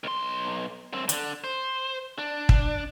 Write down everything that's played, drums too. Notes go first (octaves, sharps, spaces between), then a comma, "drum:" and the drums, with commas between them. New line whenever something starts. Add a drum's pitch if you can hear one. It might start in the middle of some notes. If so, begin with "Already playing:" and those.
B1 C6
F#2 C4
D3 D4, drum: hi-hat
C5
D4
drum: kick